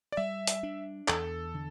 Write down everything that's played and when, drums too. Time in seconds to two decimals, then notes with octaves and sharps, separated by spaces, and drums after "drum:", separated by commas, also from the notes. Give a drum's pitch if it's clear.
0.12 D5
0.17 G3 E5
0.47 drum: hi-hat
0.63 D4
1.08 E2 A4, drum: clap
1.54 D3